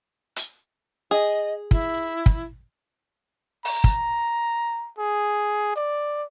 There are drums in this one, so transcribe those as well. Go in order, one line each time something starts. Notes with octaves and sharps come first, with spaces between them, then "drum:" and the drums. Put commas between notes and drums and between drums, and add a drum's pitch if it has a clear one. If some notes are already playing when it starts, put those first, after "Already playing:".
drum: hi-hat
G#4 D#5
E4, drum: kick
drum: kick
A#5, drum: open hi-hat
drum: kick
G#4
D5